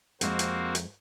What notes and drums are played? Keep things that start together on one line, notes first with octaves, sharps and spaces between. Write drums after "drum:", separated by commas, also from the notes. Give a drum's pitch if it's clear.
F2 G#3 A#3 C4 F#4 D#5, drum: hi-hat
drum: hi-hat
drum: hi-hat